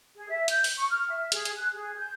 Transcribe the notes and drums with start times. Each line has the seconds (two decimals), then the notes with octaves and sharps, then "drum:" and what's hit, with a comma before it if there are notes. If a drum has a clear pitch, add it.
0.15 G#4
0.29 E5
0.48 G6, drum: hi-hat
0.64 drum: open hi-hat
0.77 C#6
0.90 F6
1.09 E5
1.32 G#4, drum: hi-hat
1.45 drum: hi-hat
1.56 F#6
1.73 G#4
1.98 G6